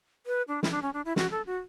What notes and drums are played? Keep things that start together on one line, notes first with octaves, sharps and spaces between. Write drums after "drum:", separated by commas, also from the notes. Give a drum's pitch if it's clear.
B4
D4
E4, drum: snare
D4
C#4
D4
E4
F#4, drum: snare
A4
F#4